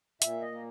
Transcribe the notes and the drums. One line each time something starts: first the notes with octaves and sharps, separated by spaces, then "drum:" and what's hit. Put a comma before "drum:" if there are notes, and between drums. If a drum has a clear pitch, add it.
A#2 E5, drum: hi-hat
D#5
A#3